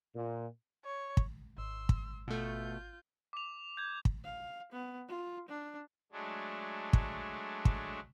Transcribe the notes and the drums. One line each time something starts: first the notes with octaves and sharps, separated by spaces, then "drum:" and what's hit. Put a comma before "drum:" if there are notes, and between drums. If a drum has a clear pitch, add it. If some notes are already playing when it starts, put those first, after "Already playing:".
A#2
C#5
drum: kick
G#1 C6 E6
drum: kick
B2 A3 F4 G6
D6 F7
G6 G#6
drum: kick
F5
B3
F4
D4
F#3 G#3 A3 D4
drum: kick
drum: kick